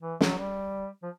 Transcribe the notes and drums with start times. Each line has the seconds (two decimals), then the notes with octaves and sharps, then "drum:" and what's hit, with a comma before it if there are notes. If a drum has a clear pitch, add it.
0.02 E3
0.21 F#3, drum: snare
0.38 G3
1.03 F3